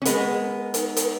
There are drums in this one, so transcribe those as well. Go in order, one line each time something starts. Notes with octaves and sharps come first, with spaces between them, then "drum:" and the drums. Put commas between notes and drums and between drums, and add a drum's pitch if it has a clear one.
C#4
G#3 B3 G#4, drum: hi-hat
G#4
A#4
A#4
A#4
D#4, drum: hi-hat
drum: hi-hat